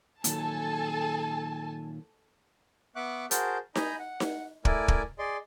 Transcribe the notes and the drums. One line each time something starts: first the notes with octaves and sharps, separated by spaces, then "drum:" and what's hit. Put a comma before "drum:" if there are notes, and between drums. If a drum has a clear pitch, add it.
A#2 D#3 F#3 A4 G#5 A5, drum: hi-hat
B3 E5 F#5 C#6 D6 F#6
F#4 G#4 A#4 C5 A5 G6, drum: hi-hat
D#4 D#5 G#5 A#5 B5 G6, drum: snare D#4
F#5
drum: snare D#4
A3 E4 A#4 D5 G#5, drum: kick
drum: kick
G#4 D5 D#5 C6